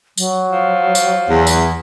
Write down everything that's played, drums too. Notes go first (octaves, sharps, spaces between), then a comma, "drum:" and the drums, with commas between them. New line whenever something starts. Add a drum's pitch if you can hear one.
F#3, drum: tambourine
F3
drum: tambourine
E2
drum: tambourine